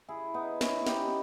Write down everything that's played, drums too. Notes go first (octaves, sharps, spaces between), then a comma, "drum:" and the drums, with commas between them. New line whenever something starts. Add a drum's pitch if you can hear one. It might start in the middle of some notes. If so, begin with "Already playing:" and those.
E4 G#4
B3 D#4
C#4 E4, drum: snare
D#4 G4, drum: snare